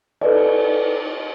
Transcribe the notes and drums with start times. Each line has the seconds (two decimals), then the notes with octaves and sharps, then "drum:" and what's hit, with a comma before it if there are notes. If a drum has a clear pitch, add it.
0.21 A4 B4 D5 D#5, drum: cymbal